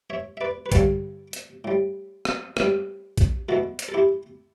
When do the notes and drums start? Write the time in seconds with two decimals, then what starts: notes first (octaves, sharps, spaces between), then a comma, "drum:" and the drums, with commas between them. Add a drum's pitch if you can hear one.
0.10 C#5 E5
0.37 E5
0.41 B4 D5
0.66 B4
0.72 G2 D3 G3 A4 C#5, drum: kick, hi-hat
1.33 drum: hi-hat
1.64 A2 G3
2.25 drum: rim click
2.57 A2 G3, drum: rim click
3.18 drum: kick, hi-hat
3.49 E2 B2 A3 F#4 A4
3.79 drum: hi-hat
3.89 A4
3.94 E4 G4